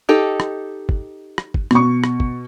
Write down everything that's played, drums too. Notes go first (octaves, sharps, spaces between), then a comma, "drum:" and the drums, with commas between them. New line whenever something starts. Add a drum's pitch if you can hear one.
D#4 G4 A4
drum: rim click
drum: kick
drum: rim click
drum: kick
B2 C#6, drum: rim click
drum: rim click
drum: kick